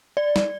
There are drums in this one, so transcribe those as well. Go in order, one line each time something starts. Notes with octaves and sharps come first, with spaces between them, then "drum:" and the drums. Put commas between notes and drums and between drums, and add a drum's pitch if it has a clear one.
D5
drum: snare